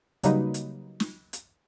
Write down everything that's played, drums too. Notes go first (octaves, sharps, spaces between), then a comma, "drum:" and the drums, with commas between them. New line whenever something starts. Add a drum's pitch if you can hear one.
C#3 F#3 G3 A#3 D#4 B4, drum: hi-hat
drum: hi-hat
drum: snare
drum: hi-hat